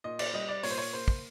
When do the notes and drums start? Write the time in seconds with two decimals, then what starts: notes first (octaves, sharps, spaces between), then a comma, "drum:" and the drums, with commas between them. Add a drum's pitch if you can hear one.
0.04 A#2 D#5
0.19 D5, drum: cymbal
0.33 G3 D#5
0.48 D5
0.63 A#2 C#5, drum: open hi-hat
0.71 C5
0.78 C#5
0.93 A#3 C5
1.08 drum: kick